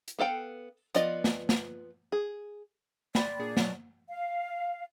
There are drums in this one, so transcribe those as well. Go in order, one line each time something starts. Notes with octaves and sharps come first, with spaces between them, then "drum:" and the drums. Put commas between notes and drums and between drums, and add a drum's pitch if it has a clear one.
drum: hi-hat
B3 A4 F5 G5
F3 B3 F4 D5 D#5, drum: hi-hat
drum: snare
drum: snare
G#4
D5 G5 B5 C6, drum: snare
A#2 A#3 D4 G#4
B2 F3 F#3, drum: snare
F5